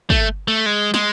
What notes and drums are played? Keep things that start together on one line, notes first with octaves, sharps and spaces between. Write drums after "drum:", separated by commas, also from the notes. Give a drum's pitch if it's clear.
A3, drum: kick
A3
G#3
G#3, drum: snare